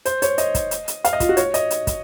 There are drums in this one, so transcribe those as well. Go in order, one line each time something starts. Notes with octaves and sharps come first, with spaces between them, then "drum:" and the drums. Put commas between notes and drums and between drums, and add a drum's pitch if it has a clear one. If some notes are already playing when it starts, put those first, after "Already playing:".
C5, drum: hi-hat
C#5, drum: hi-hat
D#5, drum: hi-hat
drum: kick, hi-hat
drum: hi-hat
drum: hi-hat
F5, drum: hi-hat
D#5
F4, drum: kick, hi-hat
F#4
C#5, drum: hi-hat
D#5, drum: hi-hat
drum: hi-hat
drum: kick, hi-hat